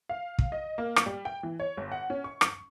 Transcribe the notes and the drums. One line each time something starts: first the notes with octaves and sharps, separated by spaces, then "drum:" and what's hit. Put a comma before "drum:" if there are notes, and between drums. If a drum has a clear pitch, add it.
F5
drum: kick
D#5
A#3
drum: rim click
G3
G5
E3
C#5
G1
F#5
C#4
C#6
drum: rim click